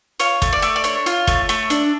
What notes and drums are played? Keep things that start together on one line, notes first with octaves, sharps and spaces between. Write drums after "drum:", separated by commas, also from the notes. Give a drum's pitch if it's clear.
F4 C#5, drum: hi-hat
A3, drum: kick, hi-hat
D5
A3, drum: hi-hat
D5
D4 C#5, drum: hi-hat
F4, drum: hi-hat
A3, drum: kick, hi-hat
A3, drum: hi-hat
D4, drum: hi-hat